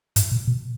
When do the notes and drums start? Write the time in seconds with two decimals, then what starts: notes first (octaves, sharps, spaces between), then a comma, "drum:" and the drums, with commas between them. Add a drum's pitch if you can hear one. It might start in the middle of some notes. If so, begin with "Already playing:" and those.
0.16 G#2, drum: hi-hat
0.32 A#2
0.47 B2